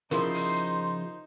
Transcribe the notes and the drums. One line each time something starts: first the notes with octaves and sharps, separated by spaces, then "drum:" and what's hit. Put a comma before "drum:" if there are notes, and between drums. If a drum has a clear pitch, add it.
C#3 F3 D#4 E4 A#4 C5 C6, drum: hi-hat
drum: open hi-hat